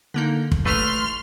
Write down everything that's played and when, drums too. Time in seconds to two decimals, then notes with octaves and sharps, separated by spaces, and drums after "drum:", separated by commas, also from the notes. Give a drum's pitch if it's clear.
0.14 D3 A#3 D#4
0.52 drum: kick
0.65 A1 A3 B4 C6 F6